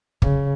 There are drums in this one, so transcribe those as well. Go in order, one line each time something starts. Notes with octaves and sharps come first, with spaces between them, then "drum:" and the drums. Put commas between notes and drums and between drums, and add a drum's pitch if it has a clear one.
C#3, drum: kick